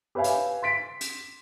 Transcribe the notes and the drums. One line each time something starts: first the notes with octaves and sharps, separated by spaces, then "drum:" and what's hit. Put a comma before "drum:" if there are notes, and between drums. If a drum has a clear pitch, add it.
G4 B4 C#5 E5 F5 G#5
drum: hi-hat
C6 A6 B6 D7
drum: hi-hat